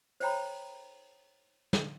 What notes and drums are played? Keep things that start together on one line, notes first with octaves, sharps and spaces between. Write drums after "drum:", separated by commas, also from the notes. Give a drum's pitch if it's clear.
C5 C#5 G5 A#5 B5, drum: open hi-hat
drum: snare